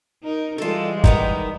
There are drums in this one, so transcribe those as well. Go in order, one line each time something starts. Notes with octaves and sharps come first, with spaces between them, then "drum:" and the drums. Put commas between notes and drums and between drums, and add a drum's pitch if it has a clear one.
D#4 A#4
E3 G3 G#3 F4 A4
D#3 B3 D#4, drum: kick